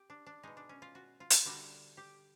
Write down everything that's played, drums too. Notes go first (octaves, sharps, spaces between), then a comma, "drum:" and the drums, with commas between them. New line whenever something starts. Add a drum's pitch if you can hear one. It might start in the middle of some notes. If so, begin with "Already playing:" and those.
Already playing: G4
D4
D4
B2 G#3 D#4
D4
C#4
F4
F#4
F4
drum: hi-hat
D3 G3 F#4
G4